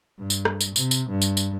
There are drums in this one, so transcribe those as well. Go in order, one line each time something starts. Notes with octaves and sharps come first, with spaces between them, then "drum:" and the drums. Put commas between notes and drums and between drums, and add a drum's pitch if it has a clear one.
G2
drum: tambourine
drum: rim click
drum: tambourine
C3, drum: tambourine
drum: tambourine
G2
drum: tambourine
drum: tambourine